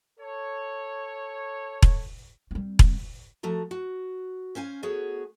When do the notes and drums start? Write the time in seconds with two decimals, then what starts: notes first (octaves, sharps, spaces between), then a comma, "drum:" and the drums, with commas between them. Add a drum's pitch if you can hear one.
0.19 A4 C#5
1.82 drum: kick E1
2.51 G3 C4
2.79 drum: kick E1
3.43 F3 A3 F#4 A#5
3.71 F#4
4.55 C#4 C5 F5 G#5
4.83 A3 B3 F#4 G#4 C#5